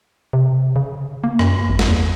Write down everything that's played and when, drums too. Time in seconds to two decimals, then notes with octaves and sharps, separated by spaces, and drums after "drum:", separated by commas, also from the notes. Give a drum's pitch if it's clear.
0.33 C3
0.76 C#3
1.24 A#3
1.39 F#2, drum: rim click
1.69 G#1
1.79 drum: snare
1.89 E2